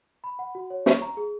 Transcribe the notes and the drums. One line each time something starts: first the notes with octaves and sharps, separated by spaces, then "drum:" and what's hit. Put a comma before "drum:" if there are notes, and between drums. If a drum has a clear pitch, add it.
B5
F#5
F#4
C#5
C#6, drum: snare
A#5
G#4